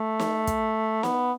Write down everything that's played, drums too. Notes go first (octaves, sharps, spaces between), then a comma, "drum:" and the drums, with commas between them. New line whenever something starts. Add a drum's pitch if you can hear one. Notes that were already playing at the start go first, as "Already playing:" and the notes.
Already playing: A3
drum: snare
drum: kick, hi-hat
B3, drum: snare